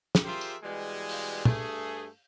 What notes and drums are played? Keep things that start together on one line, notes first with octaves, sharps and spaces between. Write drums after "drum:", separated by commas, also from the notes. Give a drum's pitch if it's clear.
drum: snare
F4 G4 G#4 A#4 C5 E5
drum: tambourine
B2 E3 G3 G#3
drum: open hi-hat
G2 A3 G#4, drum: tom